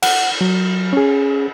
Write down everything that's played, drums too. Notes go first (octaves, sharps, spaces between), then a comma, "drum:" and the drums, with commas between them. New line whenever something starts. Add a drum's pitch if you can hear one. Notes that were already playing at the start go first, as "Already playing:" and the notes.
F#5, drum: cymbal
F#3
C#4 G#4